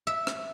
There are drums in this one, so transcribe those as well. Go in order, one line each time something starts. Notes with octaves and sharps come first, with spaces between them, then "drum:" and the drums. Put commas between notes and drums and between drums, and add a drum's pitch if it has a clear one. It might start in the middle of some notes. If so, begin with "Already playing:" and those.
E5
drum: rim click